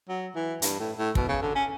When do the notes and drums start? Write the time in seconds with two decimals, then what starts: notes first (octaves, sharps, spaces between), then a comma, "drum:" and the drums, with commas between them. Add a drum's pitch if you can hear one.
0.09 F#3
0.35 E3
0.62 G2, drum: hi-hat
0.79 A2
0.97 A2
1.15 B2, drum: kick
1.29 C#3
1.42 D3
1.55 C#4